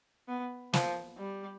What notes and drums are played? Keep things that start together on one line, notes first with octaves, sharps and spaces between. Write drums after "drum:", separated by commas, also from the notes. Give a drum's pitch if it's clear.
B3
F3, drum: snare
G3